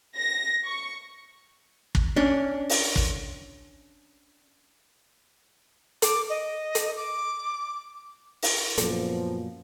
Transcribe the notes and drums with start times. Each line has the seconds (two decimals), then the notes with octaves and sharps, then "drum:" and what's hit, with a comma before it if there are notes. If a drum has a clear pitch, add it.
0.17 A#6
0.66 C#6
1.95 drum: kick
2.16 C#4 D4
2.69 drum: open hi-hat
2.96 drum: kick
6.02 D6, drum: hi-hat
6.29 D#5
6.75 drum: hi-hat
6.96 D6
8.42 drum: open hi-hat
8.78 F#2 A#2 F3 B3, drum: hi-hat